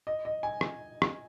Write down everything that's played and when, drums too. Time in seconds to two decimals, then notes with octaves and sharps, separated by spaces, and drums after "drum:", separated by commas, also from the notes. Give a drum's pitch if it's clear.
0.07 D#5
0.25 D#5
0.43 G#5
0.61 drum: rim click
1.02 drum: rim click